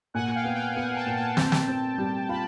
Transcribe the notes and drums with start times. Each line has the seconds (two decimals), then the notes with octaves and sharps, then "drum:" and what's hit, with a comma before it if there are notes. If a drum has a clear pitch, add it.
0.14 A#2 F#5 G#5
0.34 F5 G5
0.44 B3
0.55 F5 G5
0.69 G5
0.76 B3 F#5 G#5
0.96 G5 A5
1.06 A#2
1.16 G5 A5
1.37 C4, drum: snare
1.52 drum: snare
1.68 C4
1.98 G3
2.29 F4 A5 B5